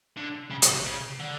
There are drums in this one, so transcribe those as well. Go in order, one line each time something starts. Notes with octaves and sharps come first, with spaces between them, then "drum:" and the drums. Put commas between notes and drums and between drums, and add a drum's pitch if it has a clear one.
D3
C#3
B2, drum: hi-hat
C#3
D3